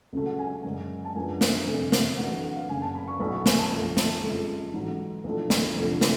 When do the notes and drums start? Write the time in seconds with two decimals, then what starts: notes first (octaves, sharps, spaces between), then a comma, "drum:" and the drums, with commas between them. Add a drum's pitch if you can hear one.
0.13 C#2 C#3 F#3 A3
0.26 F#5
0.39 G#5
0.64 F#2 C#3 G#3 C#4
1.05 A5
1.16 F#2 F3 G#3 B3 D4 G#5
1.41 F5, drum: snare
1.67 F1 F2 D3
1.92 drum: snare
2.17 A1 A2 F#3 B3 D4 F#5
2.44 F#5
2.56 F5
2.69 F#1 F#2 C#3 G#5
2.82 A5
2.95 B5
3.08 C#6
3.20 B1 A2 F#3 A3 C#4 B5
3.33 C#6
3.46 G#5, drum: snare
3.58 A5
3.71 F#1 F2 F3
3.97 drum: snare
4.22 F2 C#3 F3 G#3
4.74 A1 G#2 F#3
5.24 B1 A2 F3 A3 D4
5.50 drum: snare
5.75 F1 F2 D3 F3
6.01 drum: snare